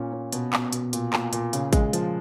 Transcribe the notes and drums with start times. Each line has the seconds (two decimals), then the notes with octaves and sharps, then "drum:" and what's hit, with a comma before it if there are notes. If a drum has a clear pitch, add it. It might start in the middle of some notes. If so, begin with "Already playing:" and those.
Already playing: A#2 C#4
0.13 C#4
0.32 B2, drum: hi-hat
0.53 B2, drum: clap
0.72 B2, drum: hi-hat
0.93 A#2, drum: hi-hat
1.13 A#2, drum: clap
1.33 A#2, drum: hi-hat
1.53 C#3, drum: hi-hat
1.73 G#3, drum: kick, hi-hat
1.93 F3, drum: hi-hat